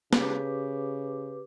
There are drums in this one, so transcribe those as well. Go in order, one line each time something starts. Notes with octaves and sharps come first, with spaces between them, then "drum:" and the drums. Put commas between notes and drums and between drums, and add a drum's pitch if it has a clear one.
C#3 G4 B4 D6, drum: snare